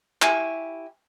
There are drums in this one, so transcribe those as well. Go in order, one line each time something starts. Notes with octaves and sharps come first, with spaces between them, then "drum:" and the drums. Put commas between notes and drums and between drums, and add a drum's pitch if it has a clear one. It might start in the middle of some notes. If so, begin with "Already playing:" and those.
E4 G4 G#5 C#6, drum: clap